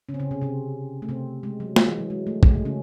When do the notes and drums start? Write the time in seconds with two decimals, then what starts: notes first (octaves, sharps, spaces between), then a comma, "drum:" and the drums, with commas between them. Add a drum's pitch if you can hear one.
0.09 C#3 C#4
0.14 C4
0.19 C#3 C#4
0.31 C3 C4
0.42 C3 C4
1.02 A3
1.09 C3 C4
1.43 G#3
1.60 F#3
1.76 G#3, drum: snare
1.87 E3
1.98 F#3
2.10 G#3
2.27 A3
2.43 G#3, drum: kick
2.54 A3
2.65 C#3 C#4